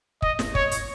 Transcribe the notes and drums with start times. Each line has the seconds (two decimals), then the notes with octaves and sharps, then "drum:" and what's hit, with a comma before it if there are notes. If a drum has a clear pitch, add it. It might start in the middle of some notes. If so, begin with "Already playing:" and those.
0.22 D#5, drum: kick
0.39 drum: snare
0.55 C#5, drum: kick
0.71 drum: hi-hat